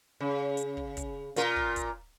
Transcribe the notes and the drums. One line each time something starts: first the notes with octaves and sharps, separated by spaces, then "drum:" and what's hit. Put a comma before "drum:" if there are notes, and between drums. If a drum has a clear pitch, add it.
C#3
drum: hi-hat
drum: kick
drum: kick, hi-hat
A#2 F4 A#4, drum: hi-hat
drum: kick
drum: kick, hi-hat